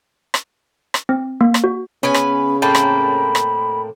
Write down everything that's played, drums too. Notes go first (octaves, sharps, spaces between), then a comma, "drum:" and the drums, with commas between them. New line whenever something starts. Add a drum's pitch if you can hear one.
drum: rim click
drum: rim click
C4
A#3
drum: rim click
F#4
C#3 B3 C#4 B4 G#5
drum: rim click
A2 A#3 C4 G5 A5 B5 G6
drum: rim click
drum: rim click